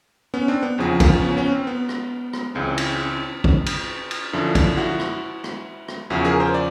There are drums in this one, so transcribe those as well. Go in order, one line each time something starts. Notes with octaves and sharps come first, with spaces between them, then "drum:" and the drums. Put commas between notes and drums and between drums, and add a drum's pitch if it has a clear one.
B3 C#4
C4 D4
B3
E2 C#3 F3 C4
drum: kick A1, cymbal
B3 C#4
B3 C#4
C4
B3
drum: rim click
drum: rim click
C#2 C#3 E3 C4
drum: cymbal
drum: kick A1
drum: cymbal
drum: cymbal
F#2 D3 F3 D4 E4
drum: kick A1, cymbal
E4 F#4
drum: rim click
drum: rim click
drum: rim click
E2 C#3 F3 E4 F#4
G#4 A#4
A#4 C5
D5